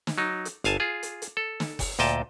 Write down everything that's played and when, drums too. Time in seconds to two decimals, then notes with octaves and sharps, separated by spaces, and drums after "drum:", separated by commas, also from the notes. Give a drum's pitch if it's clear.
0.07 drum: snare
0.18 F#3 D#4
0.45 drum: hi-hat
0.64 G1 F5 G#5 A5, drum: hi-hat
0.80 F4 G#4
1.03 drum: hi-hat
1.22 drum: hi-hat
1.37 A4
1.60 drum: snare
1.79 drum: kick F#1, open hi-hat
1.99 D2 A#2 D#5 G5 A5, drum: hi-hat